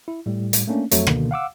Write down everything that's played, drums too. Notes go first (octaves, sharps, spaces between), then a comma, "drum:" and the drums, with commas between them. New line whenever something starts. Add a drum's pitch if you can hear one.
E4
A2 G3
drum: hi-hat
A3 A#3 C#4 D4
F2 F#3 A3, drum: hi-hat
B2 D3 D#3 A#3, drum: rim click
F5 F#5 D6 E6